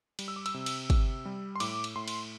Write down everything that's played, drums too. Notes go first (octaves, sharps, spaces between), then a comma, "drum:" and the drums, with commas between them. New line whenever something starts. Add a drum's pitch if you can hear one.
G3, drum: cymbal
E6
D6
E6, drum: cymbal
C3
drum: cymbal
C3, drum: kick, cymbal
G3
C6
A2 D6, drum: cymbal
drum: cymbal
A2 C6
drum: cymbal